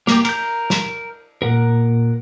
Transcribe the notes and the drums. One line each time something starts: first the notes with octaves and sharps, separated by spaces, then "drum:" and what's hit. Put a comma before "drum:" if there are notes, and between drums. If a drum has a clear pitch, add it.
A#3 G4, drum: snare
A#4 G6, drum: cymbal
drum: snare
A#2 A#4 F#5